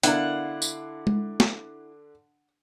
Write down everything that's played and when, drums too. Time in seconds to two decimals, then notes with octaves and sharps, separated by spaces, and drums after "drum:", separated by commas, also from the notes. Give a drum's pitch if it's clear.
0.03 D3 B3 D4 E4 A#4 F5 F#5, drum: hi-hat
0.62 drum: tambourine
1.07 drum: tom G#3
1.40 drum: snare